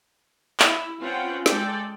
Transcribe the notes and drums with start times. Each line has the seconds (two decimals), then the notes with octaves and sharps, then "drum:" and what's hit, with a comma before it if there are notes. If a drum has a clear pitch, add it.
0.60 E4, drum: clap
1.00 C4 C#4 F4 B4 F#5 G5
1.46 G#3 A4 D5 G5, drum: snare